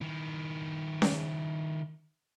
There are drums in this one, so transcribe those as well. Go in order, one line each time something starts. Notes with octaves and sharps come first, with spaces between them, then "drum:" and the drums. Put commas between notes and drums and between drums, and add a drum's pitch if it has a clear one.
D#3 E4
drum: snare C#4